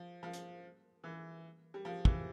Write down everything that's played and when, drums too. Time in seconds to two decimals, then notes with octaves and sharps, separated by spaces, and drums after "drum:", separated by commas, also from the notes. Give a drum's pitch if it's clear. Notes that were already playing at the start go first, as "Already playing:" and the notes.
Already playing: F3
0.23 F3
0.33 drum: hi-hat
1.04 E3
1.74 G3
1.85 F3
2.05 E3, drum: kick